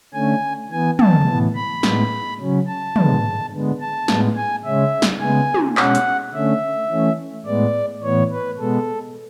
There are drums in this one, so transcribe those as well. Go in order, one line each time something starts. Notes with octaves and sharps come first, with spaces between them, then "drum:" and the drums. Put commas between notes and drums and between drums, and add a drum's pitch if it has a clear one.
D3 A3 C#4 G#5
E3 B3 G#5
A5, drum: tom
A2 E3 B3
B5
A2 G#3 B3, drum: snare
C#3 F#3 C#4
A5
D3 G#3 B3, drum: tom
D3 G#3 B3
A5
A2 G#3 B3, drum: snare
G#5
C#3 G#3 C#4 E5
drum: snare
C#3 G#3 B3 G#5
drum: tom
B2 G#3 C#4 F#5, drum: clap
drum: hi-hat
D3 A3 C#4 E5
E3 A3 C#4
A2 G#3 B3 D5
A2 E3 B3 C#5
B4
B2 G#3 B3 A4